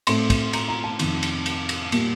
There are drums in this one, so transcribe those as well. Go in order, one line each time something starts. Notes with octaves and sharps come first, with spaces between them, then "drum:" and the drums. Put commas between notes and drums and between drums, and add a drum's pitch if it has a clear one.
A2 A3 C4 C6, drum: cymbal
drum: kick, cymbal
A#5, drum: cymbal
A#5
A5
F2 C3 D#3, drum: cymbal
drum: cymbal
drum: cymbal
drum: cymbal
A#2 G3 A#3, drum: cymbal